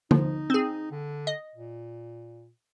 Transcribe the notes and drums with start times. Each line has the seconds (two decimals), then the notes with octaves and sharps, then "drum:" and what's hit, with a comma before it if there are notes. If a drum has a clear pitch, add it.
0.11 F3 D#4, drum: tom
0.50 C4 G#4
0.91 D3
1.27 D#5
1.55 A#2